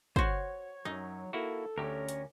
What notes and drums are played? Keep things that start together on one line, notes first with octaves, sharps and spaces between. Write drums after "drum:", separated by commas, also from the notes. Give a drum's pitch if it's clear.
F#4 C5 C#5, drum: kick
F#2 F#3 D#4
A#3 E4 F#4 A4
D2 C#4 G4 A#4
drum: hi-hat